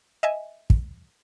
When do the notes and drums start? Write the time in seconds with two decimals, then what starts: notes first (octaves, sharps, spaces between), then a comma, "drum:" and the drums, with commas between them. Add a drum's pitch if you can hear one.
0.23 D#5 E5 G#5
0.70 drum: kick